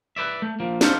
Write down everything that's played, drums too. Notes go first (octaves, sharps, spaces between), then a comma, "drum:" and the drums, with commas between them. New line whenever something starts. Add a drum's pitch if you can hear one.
B4 C5 D5 E5
A3
F3 A#3
D#4 F4 A4 C5 D5 F5, drum: snare